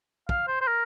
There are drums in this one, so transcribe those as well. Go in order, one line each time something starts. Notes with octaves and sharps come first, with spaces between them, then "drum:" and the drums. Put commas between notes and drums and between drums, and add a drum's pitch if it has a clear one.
F5, drum: kick
C5
C5
A#4